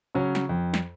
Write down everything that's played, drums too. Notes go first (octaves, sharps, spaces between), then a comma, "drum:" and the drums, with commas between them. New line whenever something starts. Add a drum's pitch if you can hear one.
C#3 F#3 C#4
drum: snare
F2
drum: snare